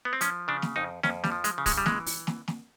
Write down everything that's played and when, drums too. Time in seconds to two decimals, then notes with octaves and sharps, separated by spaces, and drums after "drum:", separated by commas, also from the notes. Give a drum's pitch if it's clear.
0.05 B3
0.13 C4
0.21 F3 C#4, drum: hi-hat
0.48 C#3 D4
0.62 drum: snare
0.76 F2 D#4
1.03 F2 C#4, drum: snare
1.24 G3, drum: snare
1.32 F3
1.44 G#3, drum: hi-hat
1.58 C#3
1.66 G#3, drum: kick, open hi-hat
1.78 G3
1.86 E3 G#3, drum: snare
2.06 drum: open hi-hat
2.27 drum: snare
2.48 drum: snare